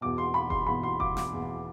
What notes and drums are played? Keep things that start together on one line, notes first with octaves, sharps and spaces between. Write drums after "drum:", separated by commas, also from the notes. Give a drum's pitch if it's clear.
E2 B2 D6
C6
B5
C6, drum: kick F1
E2 B2 B5
C6
D6, drum: kick F1
D6, drum: snare
E2 B2